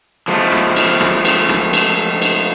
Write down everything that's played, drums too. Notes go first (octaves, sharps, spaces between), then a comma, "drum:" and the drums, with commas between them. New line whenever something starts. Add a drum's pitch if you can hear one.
F3 G#3 A3
drum: rim click
drum: cymbal
drum: rim click
drum: cymbal
drum: rim click
drum: cymbal
drum: cymbal